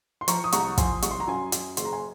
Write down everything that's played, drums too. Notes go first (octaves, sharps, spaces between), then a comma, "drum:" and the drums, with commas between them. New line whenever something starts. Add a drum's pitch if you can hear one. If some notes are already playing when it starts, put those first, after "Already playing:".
C6
F3 A#5 C#6, drum: hi-hat
D#6
C2 A#5 C#6, drum: hi-hat
F3 G#5 C6, drum: kick, hi-hat
C2 C#6, drum: hi-hat
C6
A#5
F#2 G#5 C6
F#2, drum: hi-hat
F#1 C6, drum: hi-hat
A#5
G#5 C6